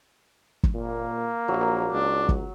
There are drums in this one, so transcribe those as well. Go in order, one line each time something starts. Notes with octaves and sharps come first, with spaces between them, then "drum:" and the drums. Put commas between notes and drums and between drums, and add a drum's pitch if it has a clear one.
drum: kick
A#2 A#3
A#1 F#3
C#2 D4
drum: kick